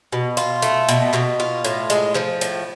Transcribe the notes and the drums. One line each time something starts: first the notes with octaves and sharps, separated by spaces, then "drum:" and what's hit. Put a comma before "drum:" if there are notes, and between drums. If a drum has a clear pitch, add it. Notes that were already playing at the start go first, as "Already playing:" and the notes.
B2
F4, drum: hi-hat
A3, drum: hi-hat
B2, drum: hi-hat
B2, drum: clap
F4
A2, drum: hi-hat
G#3, drum: hi-hat
F3, drum: clap
A2, drum: hi-hat